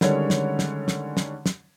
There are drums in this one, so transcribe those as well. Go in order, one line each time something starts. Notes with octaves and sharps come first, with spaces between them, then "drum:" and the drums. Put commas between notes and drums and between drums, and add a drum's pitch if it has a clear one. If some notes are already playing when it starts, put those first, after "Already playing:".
D3 D#3 G3 G#3 C#4 C#5, drum: snare
drum: snare
drum: snare
drum: snare
drum: snare
drum: snare